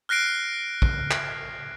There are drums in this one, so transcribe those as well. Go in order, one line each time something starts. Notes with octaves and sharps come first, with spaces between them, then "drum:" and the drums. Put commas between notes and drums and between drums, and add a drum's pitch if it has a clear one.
F6 F#6 A#6 C7 D7
drum: kick
drum: clap